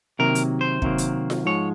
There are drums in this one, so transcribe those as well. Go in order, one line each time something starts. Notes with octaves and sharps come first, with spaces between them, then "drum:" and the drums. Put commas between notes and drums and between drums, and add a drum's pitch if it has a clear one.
C3 D#3 F#3 A#3 A#4
drum: hi-hat
C5
C3 D#3 F#3 A#3, drum: kick
drum: hi-hat
drum: snare F4
G#2 F3 G#3 C#5